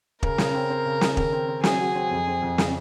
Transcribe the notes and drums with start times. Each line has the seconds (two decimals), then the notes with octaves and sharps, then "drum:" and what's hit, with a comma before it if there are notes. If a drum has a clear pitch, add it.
0.23 C#3 A#4, drum: kick
0.38 C#3, drum: snare
0.54 C4
0.70 C4
0.85 C#3
1.01 C#3, drum: snare
1.17 D#3 A#4, drum: kick
1.33 C4
1.48 C4
1.64 F#3 G#4, drum: snare
1.80 F#4
1.95 C4
2.11 F2
2.27 C4
2.42 F2
2.58 C#3, drum: snare